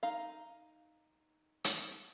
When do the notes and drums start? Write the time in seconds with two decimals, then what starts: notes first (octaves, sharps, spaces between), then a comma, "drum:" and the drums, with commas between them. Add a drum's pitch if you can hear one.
0.03 D#4 F5
1.64 drum: hi-hat